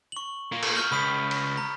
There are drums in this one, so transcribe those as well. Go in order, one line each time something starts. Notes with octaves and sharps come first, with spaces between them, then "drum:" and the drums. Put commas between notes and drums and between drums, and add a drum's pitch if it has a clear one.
C#6 F#7
A#3 F4
drum: cymbal
C#6 F6 G6
C#2 B5 D#6 B6
drum: cymbal
A#5